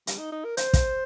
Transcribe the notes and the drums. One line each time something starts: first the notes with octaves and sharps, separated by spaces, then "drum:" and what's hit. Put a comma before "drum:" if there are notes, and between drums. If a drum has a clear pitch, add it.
G3, drum: hi-hat
D#4
D#4
A#4
C5, drum: hi-hat
drum: kick, hi-hat